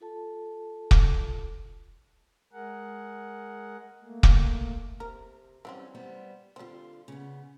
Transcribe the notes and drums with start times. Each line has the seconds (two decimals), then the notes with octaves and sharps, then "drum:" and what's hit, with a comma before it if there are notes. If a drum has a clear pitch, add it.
0.01 F4 A4 A5
0.91 drum: kick
2.53 G#3 G#4 A#4 F#5
4.02 A3 A#3
4.23 drum: kick
5.00 C3 A#4
5.65 E3 F#3 G3 C4 C#4
5.95 G3 B3 C5
6.56 D3 G3 C4 F4
7.08 C#3 B3